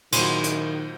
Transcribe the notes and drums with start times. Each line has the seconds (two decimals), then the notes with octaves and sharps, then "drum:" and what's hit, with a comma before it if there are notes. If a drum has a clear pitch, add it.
0.12 A#2 D#3 F#3 E4 G#4 C6, drum: cymbal
0.44 drum: hi-hat